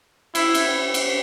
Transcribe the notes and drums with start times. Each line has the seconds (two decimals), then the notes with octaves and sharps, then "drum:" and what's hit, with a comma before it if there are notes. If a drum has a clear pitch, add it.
0.35 E4, drum: cymbal
0.54 drum: cymbal
0.94 drum: cymbal